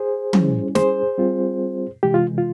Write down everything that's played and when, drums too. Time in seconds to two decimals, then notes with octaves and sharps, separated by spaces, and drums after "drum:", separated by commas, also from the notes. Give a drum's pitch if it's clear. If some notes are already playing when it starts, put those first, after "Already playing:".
Already playing: G#4 C5
0.33 G3 C#4 E4, drum: tom
0.75 G#4 C5, drum: snare
1.18 G3 C4 F4
2.03 C3 E3 G#3 G4
2.14 F4
2.38 F4